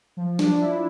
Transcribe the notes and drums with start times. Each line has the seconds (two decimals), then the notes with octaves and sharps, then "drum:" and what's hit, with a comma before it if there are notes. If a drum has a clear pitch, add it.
0.17 F3
0.39 D4, drum: snare
0.61 E4